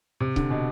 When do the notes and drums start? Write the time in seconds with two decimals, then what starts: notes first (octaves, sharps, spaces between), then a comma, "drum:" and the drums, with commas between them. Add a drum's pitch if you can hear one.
0.20 C3
0.36 D3, drum: kick C#1
0.50 B2